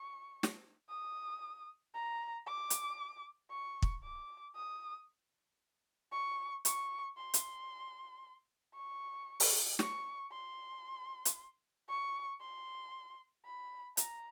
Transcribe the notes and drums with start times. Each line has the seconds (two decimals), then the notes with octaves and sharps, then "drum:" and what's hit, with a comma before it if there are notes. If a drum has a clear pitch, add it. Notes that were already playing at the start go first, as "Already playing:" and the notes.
Already playing: C#6
0.43 drum: snare
0.89 D#6
1.94 A#5
2.47 D6
2.70 drum: hi-hat
3.51 C#6
3.82 drum: kick
4.03 D6
4.55 D#6
6.12 C#6
6.65 C#6, drum: hi-hat
7.17 C6
7.34 drum: hi-hat
8.74 C#6
9.40 drum: open hi-hat
9.79 C#6, drum: snare
10.31 C6
11.25 drum: hi-hat
11.88 C#6
12.41 C6
13.45 B5
13.97 A#5, drum: hi-hat